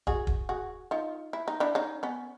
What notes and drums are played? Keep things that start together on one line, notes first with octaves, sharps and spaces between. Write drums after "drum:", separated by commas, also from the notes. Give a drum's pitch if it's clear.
F#4 G#4, drum: kick
drum: kick
F#4 G#4
D#4 F4
E4
D#4
D4 E4
C#4 D#4
B3 C#4